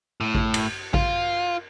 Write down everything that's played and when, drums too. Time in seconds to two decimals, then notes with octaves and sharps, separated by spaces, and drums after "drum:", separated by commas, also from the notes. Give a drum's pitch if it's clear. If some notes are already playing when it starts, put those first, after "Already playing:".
0.21 A2
0.35 drum: kick A1
0.54 drum: cymbal
0.94 F4, drum: kick A1